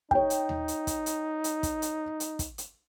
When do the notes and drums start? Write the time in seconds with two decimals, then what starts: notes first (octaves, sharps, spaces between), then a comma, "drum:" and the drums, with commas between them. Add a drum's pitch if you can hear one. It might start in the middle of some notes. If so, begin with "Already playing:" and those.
0.11 D#4 C#5 G5, drum: kick
0.30 drum: hi-hat
0.49 drum: tom D#2
0.68 drum: hi-hat
0.87 drum: kick, hi-hat
1.06 drum: hi-hat
1.44 drum: hi-hat
1.63 drum: kick, hi-hat
1.82 drum: hi-hat
2.20 drum: hi-hat
2.39 drum: kick, hi-hat
2.58 drum: hi-hat